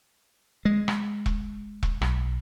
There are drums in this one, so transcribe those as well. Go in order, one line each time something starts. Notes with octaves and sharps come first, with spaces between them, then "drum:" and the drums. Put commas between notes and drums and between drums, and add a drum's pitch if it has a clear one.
G#3
drum: rim click
drum: kick E1
drum: kick E1
B1, drum: rim click